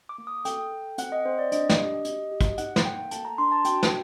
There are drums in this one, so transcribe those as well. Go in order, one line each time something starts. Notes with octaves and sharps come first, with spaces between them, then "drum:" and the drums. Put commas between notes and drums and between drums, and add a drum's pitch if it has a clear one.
D6
A#3
D#6
A4 G5, drum: hi-hat
A4
C4 F#5, drum: hi-hat
D#5
C4 C5
D5
D4 D#5, drum: hi-hat
drum: snare
G4
G4, drum: hi-hat
G4
drum: kick, hi-hat
D#4 F#5, drum: hi-hat
drum: snare
A#3 G5
A4 A5, drum: hi-hat
A#5
D4 C6
A5
F#4 G5, drum: hi-hat
drum: snare